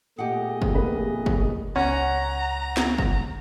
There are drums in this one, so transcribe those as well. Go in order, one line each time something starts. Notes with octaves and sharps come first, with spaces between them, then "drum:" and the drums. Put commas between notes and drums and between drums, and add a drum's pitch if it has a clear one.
A#2 A3 B3 G4 G#4 D#5 F#5
drum: kick F#1
F1 A#3 B4
drum: kick F#1
C#2 C#4 F#5 A#5
drum: snare
drum: kick F#1